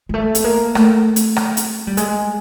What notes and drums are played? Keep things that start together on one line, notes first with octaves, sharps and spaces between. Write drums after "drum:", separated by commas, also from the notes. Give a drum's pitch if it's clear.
G#3
A3
drum: hi-hat
A#3
A3, drum: rim click
drum: hi-hat
drum: rim click
drum: hi-hat
G3
G#3, drum: hi-hat